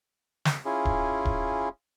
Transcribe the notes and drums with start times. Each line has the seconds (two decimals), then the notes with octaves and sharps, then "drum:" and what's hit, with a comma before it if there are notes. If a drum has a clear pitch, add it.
0.45 drum: snare
0.65 C#4 E4 F4 G#4
0.85 drum: kick D1
1.25 drum: kick D1